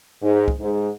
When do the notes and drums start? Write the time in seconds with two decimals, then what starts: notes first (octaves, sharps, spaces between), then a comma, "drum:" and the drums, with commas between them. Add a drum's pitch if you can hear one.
0.22 G#2
0.48 drum: kick
0.60 G#2